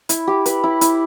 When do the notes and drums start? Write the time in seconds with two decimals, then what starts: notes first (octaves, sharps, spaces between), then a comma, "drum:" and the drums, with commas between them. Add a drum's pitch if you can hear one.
0.09 E4, drum: hi-hat
0.27 G4
0.46 B4, drum: hi-hat
0.64 E4
0.81 E4, drum: hi-hat